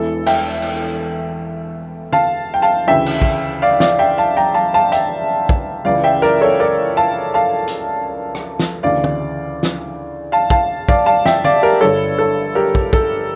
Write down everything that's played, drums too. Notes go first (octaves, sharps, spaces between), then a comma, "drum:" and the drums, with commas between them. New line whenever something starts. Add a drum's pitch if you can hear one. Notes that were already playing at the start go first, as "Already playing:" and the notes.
Already playing: E1 E2 E3 A4
E5 G5, drum: cymbal
drum: cymbal
F5 A5, drum: tom
G5
F5 A5
D2 C#3 E3 E5 G5
drum: cymbal
drum: kick
D5 F5
D5 F5, drum: snare
E5 G5
F5 A5
G5 A#5
F5 A5
F5 A5
E5 G5, drum: hi-hat
drum: kick
C#2 C#3 E3 D5 F5
E5 G5
A#4 D5
A4 C#5
A#4 D5
F5 A5
F5 A5
drum: hi-hat
drum: rim click
drum: snare
D2 C#3 E3 D5 F5
drum: tom
drum: snare
F5 A5
F5 A5, drum: kick
D5 F5, drum: kick
F5 A5
E5 G5, drum: snare
D5 F5, drum: tom
G4 A#4
G1 G2 D3 A4 C#5
A4
G4 A#4
drum: kick
A4, drum: kick